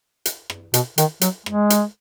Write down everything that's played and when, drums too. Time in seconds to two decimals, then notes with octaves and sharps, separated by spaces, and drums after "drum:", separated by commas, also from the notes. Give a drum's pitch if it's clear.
0.25 drum: hi-hat
0.50 drum: rim click
0.74 B2, drum: hi-hat
0.98 D#3, drum: hi-hat
1.21 F#3, drum: hi-hat
1.46 G#3, drum: rim click
1.70 drum: hi-hat